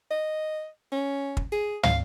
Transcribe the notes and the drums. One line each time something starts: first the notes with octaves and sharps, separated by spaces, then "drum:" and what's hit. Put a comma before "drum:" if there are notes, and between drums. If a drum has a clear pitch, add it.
D#5
C#4
drum: kick
G#4
F5, drum: tom